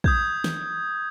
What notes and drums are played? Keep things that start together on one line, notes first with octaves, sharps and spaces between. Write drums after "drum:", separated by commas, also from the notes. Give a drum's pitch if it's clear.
D#6 G6 G#6, drum: kick
drum: snare